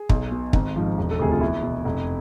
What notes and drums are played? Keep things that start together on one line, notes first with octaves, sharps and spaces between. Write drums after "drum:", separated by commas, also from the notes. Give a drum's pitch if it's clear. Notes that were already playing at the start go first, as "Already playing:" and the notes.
Already playing: G#4
B1, drum: kick
B2
G#1, drum: kick
G#2 F3
E1
A4
D2 C3 G#4
F4
E2 E4
B2
F1